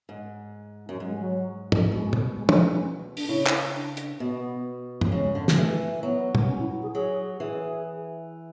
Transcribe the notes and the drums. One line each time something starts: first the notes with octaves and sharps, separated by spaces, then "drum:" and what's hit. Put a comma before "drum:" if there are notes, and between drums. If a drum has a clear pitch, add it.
G#2
F#2
G#2 F#3
G#3
F#3
drum: tom
B2 G#3
drum: tom
G#3
G#3, drum: tom
A3
C#4
D4, drum: open hi-hat
C#3 E4
drum: clap
D4
drum: hi-hat
B2 B3
F#3, drum: tom
C#3 G#3
D3
D3 G#3, drum: snare
E3 A3
F#3 B3
drum: tom
C#4
E4
E4
G#4
F#3 G#4
E3 G#4